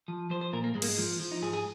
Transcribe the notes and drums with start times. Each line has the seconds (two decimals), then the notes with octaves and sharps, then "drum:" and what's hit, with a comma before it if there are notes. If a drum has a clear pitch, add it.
0.08 F3
0.30 F3 C5
0.41 C5
0.53 A#2 A#4
0.64 A#3
0.75 G#2 G#3
0.82 A#3, drum: cymbal
0.89 G#3
0.98 F3
1.20 F3
1.32 D#4
1.42 G#2 G#4
1.53 G#4